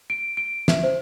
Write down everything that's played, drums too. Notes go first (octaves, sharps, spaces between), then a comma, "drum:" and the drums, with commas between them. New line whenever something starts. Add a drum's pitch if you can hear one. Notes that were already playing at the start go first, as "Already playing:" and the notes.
D7
D7
E5, drum: snare
C5